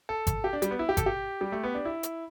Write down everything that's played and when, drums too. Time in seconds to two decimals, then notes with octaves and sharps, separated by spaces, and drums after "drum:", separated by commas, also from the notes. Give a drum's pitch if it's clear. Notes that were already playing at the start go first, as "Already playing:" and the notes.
0.09 A4
0.27 drum: kick G#1, hi-hat
0.44 G4
0.53 D4
0.62 G3, drum: hi-hat
0.71 B3
0.79 E4
0.89 G4
0.97 A4, drum: kick G#1, hi-hat
1.06 G4
1.41 G3
1.52 A3
1.63 B3
1.75 D4
1.85 E4
2.03 drum: hi-hat